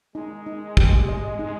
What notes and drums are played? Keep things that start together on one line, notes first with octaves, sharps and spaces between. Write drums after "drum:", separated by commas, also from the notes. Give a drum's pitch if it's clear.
G#3 D#4
D#4
G4, drum: kick
D#5
D#4